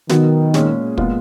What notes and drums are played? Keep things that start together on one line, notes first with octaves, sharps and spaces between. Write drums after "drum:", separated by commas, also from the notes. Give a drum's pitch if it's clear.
B2 D#3 F#3 B3, drum: snare
A#2 G#3 C#4 G#4, drum: snare
A#2 G#3 B3 F4, drum: kick